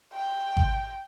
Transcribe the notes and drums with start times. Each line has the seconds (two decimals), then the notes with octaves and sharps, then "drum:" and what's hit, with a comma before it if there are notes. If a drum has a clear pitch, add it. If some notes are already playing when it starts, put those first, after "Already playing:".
0.14 G5
0.57 drum: kick G#1